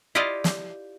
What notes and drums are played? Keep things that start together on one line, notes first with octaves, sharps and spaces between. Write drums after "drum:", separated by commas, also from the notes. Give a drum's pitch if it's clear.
E4 F4 G4 D5 D#5 F5
drum: snare